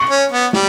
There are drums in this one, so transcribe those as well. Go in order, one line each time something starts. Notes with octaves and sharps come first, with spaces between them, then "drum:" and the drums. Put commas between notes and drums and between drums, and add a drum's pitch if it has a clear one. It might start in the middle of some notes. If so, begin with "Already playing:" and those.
Already playing: C#6
C#4
B3
G3, drum: snare